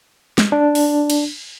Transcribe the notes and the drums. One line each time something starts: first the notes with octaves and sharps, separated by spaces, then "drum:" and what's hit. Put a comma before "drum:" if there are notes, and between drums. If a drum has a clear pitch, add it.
drum: snare G#3
D4
drum: open hi-hat
drum: cymbal